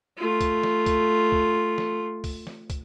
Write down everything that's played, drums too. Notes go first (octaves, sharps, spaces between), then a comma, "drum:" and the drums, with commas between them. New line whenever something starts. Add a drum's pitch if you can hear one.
A3 F4
drum: kick, hi-hat
drum: snare
drum: kick, hi-hat
drum: kick
drum: snare
drum: kick, open hi-hat
drum: snare
drum: kick, hi-hat